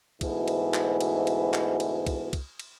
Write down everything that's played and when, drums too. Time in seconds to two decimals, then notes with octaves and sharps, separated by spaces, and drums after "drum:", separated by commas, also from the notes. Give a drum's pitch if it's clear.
0.21 D2 G#2 B2 E3, drum: kick, cymbal
0.48 drum: cymbal
0.74 drum: clap
1.01 drum: cymbal
1.27 drum: cymbal
1.54 drum: clap
1.80 drum: cymbal
2.06 drum: kick, cymbal
2.33 drum: kick, cymbal
2.59 drum: cymbal